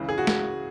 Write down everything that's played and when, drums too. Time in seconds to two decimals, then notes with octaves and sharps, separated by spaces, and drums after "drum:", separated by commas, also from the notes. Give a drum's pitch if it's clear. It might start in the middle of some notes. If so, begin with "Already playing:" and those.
Already playing: C#2 C#3 E3
0.09 G#4
0.18 F#4
0.27 drum: snare